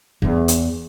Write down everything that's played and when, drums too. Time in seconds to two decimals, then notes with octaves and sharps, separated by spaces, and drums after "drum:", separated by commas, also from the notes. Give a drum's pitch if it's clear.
0.22 E2 E3
0.48 drum: hi-hat